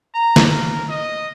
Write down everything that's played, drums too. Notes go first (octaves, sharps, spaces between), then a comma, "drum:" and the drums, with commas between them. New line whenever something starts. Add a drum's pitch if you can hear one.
A#5
drum: snare
A#4
D#5